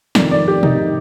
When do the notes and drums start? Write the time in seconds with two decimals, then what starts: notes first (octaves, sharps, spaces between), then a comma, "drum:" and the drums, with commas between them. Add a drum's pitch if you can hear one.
0.15 F2 C3 D#3 D5, drum: snare
0.31 D5
0.48 G4
0.63 D#4, drum: tom B2